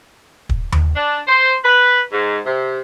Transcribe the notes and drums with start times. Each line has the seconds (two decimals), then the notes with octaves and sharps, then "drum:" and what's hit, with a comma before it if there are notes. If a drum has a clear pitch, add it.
0.49 drum: kick
0.72 drum: tom D#2
0.95 D4
1.28 C5
1.63 B4
2.13 G#2
2.45 C3